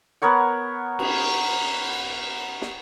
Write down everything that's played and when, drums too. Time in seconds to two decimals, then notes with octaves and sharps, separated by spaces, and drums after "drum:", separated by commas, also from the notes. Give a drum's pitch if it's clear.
0.22 B3 A#4 C#5 F#5
0.99 drum: cymbal
2.62 drum: snare